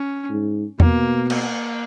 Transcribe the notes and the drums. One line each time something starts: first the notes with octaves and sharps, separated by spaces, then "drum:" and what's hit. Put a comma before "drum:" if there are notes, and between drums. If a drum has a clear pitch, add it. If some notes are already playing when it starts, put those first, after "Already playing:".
Already playing: C#4
G#2
B2 A#3, drum: tom E2
A#3, drum: cymbal